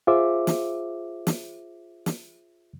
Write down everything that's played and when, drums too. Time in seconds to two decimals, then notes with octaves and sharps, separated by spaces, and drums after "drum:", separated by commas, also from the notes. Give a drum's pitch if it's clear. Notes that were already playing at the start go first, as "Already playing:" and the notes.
0.07 F4 G#4 C5 E5 D6
0.47 drum: snare
1.27 drum: snare
2.06 drum: snare